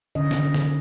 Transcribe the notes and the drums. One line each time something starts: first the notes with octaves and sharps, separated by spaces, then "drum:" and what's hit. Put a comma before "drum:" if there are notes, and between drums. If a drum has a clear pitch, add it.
D3 C#4 D#5
drum: snare
drum: snare